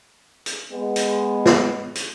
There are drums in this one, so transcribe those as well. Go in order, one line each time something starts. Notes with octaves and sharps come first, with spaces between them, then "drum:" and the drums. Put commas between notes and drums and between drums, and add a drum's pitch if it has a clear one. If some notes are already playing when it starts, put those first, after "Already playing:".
drum: hi-hat
G#3 B3
drum: hi-hat
drum: snare
drum: hi-hat